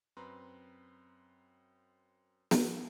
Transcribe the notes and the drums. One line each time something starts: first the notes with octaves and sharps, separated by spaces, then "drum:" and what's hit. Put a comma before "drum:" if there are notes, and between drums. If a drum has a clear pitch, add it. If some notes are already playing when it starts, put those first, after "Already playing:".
F#2 C4 B4 A#5 C6
drum: snare